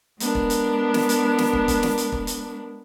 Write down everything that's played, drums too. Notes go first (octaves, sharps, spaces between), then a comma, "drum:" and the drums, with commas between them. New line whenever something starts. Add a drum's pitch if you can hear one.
G#3 B3 D4 A#4, drum: hi-hat
drum: kick
drum: hi-hat
drum: snare
drum: hi-hat
drum: snare
drum: kick
drum: kick, hi-hat
drum: snare
drum: hi-hat
drum: kick
drum: hi-hat